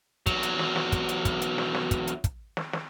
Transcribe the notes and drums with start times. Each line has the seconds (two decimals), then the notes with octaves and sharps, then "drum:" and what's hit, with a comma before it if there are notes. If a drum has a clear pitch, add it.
0.26 E2 F#3, drum: kick, hi-hat
0.43 drum: hi-hat
0.59 drum: snare
0.76 drum: snare
0.92 drum: kick, hi-hat
1.09 drum: hi-hat
1.25 drum: kick, hi-hat
1.42 drum: hi-hat
1.58 drum: snare
1.75 drum: snare
1.91 drum: kick, hi-hat
2.07 drum: hi-hat
2.24 drum: kick, hi-hat
2.57 drum: snare
2.73 drum: snare